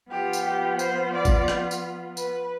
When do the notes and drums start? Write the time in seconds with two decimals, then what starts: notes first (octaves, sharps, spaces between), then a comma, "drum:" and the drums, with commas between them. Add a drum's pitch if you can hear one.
0.10 F3 B3 F4 G4
0.33 drum: tambourine
0.45 G4
0.79 C5, drum: tambourine
1.14 D5
1.25 drum: kick G#1, tambourine
1.48 drum: rim click
1.71 drum: tambourine
2.17 B4, drum: tambourine